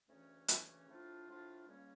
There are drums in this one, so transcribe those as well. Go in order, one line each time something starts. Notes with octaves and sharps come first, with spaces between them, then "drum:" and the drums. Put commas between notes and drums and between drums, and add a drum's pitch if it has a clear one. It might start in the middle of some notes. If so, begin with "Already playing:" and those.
D2 C#3 E3 A3 C#4
D2 C#3 E3 A3 C#4, drum: hi-hat
A2 F3 A3 D4 F4
A2 F3 A3 D4 F4
C#2 C#3 G3 A#3 C#4